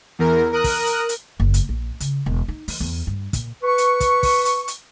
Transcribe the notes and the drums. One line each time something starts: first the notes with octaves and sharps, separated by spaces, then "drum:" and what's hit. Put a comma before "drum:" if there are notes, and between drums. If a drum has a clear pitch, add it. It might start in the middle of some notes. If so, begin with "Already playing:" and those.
E2 A#4
A#4 D#6 F#6
drum: kick, open hi-hat
drum: hi-hat
drum: hi-hat
F#1
drum: hi-hat
A#1
C#3, drum: hi-hat
E1
D#4
E3, drum: open hi-hat
E2
G2
A#2, drum: kick, hi-hat
B4 C#6
drum: hi-hat
drum: kick, hi-hat
drum: kick, open hi-hat
drum: hi-hat
drum: hi-hat